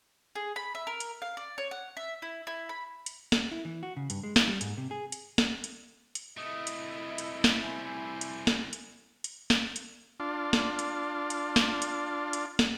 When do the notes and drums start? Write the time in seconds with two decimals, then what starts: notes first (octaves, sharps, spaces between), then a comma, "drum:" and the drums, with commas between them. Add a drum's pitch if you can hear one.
0.35 G#4
0.56 B5
0.75 E5
0.87 A#4
1.00 drum: hi-hat
1.22 F5
1.37 D5
1.58 C#5
1.71 F#5
1.97 E5
2.22 E4
2.47 E4
2.69 B5
3.06 drum: hi-hat
3.32 drum: snare
3.51 E4
3.65 E3
3.83 F#4
3.97 C#3
4.10 G2, drum: hi-hat
4.23 G#3
4.36 E4, drum: snare
4.48 G3
4.61 G#2, drum: hi-hat
4.77 C3
4.91 G#4
5.12 drum: hi-hat
5.38 drum: snare
5.64 drum: hi-hat
6.15 drum: hi-hat
6.37 C2 A3 E4 D#5
6.67 drum: hi-hat
7.18 drum: hi-hat
7.44 drum: snare
7.63 G4 C5 G#5
8.21 drum: hi-hat
8.47 drum: snare
8.73 drum: hi-hat
9.24 drum: hi-hat
9.50 drum: snare
9.76 drum: hi-hat
10.20 D4 F4
10.53 drum: snare
10.79 drum: hi-hat
11.30 drum: hi-hat
11.56 drum: snare
11.82 drum: hi-hat
12.33 drum: hi-hat
12.59 drum: snare